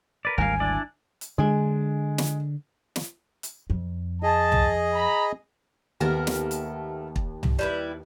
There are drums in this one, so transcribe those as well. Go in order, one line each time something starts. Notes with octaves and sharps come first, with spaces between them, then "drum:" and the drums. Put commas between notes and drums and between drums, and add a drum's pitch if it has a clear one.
A#4 B4 D5
G#1 D2 G3 A#4 F5 G#5
D4 E4 D5
drum: hi-hat
D3 G#3 D4
drum: snare
drum: snare
drum: hi-hat
F2
G#4 D#5 A5
drum: tom C2
A#5 B5
D#2 A3 B3 A#4
drum: snare
drum: hi-hat
drum: kick
drum: tom C2
G3 E4 B4